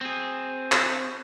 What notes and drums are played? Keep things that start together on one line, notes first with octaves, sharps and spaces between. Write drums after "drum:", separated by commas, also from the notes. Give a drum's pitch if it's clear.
C4 G#4
drum: clap